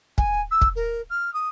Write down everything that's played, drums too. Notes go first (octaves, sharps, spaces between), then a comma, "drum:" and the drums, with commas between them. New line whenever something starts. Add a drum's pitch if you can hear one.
G#5, drum: kick
E6
drum: kick
A#4
F6
D#6